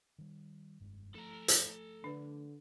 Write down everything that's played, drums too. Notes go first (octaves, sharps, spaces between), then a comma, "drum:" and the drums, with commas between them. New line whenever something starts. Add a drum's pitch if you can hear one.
D#3 G3
F1 G2 G#3
F3 A3 A4 A#5
drum: hi-hat
D3 D4 B4